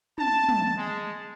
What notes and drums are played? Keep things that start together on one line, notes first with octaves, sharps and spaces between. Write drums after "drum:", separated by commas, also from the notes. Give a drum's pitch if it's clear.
A5, drum: tom
drum: tom
G#3